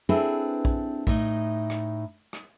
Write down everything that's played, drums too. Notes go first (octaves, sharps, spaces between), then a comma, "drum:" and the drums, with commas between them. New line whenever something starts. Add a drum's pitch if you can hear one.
C4 D4 E4 G#4 A4 B4
drum: kick A#1
A2 D#4, drum: kick A#1
drum: rim click
drum: rim click